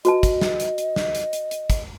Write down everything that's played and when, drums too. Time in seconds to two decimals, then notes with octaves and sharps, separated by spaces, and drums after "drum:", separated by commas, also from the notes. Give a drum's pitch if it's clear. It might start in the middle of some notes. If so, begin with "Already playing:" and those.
0.05 F#4 B4 D#5 A5, drum: hi-hat
0.23 drum: kick, hi-hat
0.41 drum: snare
0.60 drum: hi-hat
0.78 drum: hi-hat
0.96 drum: snare
1.15 drum: hi-hat
1.33 drum: hi-hat
1.51 drum: hi-hat
1.70 drum: kick, hi-hat